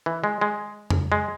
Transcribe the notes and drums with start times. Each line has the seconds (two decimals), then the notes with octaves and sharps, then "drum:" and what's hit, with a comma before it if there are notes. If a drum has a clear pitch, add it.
0.06 E3
0.24 G#3
0.41 G#3
0.90 drum: tom F2
1.12 G#3